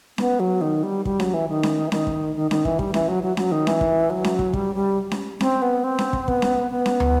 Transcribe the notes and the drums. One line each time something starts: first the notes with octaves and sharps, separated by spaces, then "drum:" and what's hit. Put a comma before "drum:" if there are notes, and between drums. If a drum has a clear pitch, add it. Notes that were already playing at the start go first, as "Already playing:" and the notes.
B3, drum: snare C#4
F#3
D#3
G3
G3, drum: kick
F#3, drum: snare C#4
E3
D#3
drum: snare C#4
E3
D#3, drum: snare C#4
drum: kick
D#3
D#3, drum: snare C#4
E3, drum: kick
G3, drum: kick
E3, drum: snare C#4
F#3
F#3
F#3, drum: snare C#4
D#3
E3, drum: snare C#4
drum: kick
F#3
drum: snare C#4
drum: kick
G3, drum: kick
G3
drum: snare C#4
C4, drum: snare C#4
B3
C4
drum: snare C#4
drum: kick
B3, drum: kick
drum: snare C#4
B3
drum: snare C#4
drum: tom